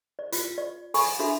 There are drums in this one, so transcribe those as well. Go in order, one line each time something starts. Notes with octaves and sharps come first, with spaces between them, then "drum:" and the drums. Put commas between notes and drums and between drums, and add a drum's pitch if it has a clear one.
D5
F4, drum: hi-hat
D5
A4 G#5 B5 C#6, drum: open hi-hat
D4 F#4 A4 E5 B5